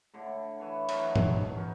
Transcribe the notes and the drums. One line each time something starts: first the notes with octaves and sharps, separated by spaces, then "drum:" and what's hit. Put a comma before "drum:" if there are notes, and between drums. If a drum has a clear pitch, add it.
A2 D3
E3 C#5 C#6
D#3 E3 F#3 D4, drum: cymbal
drum: tom
C#4 D#4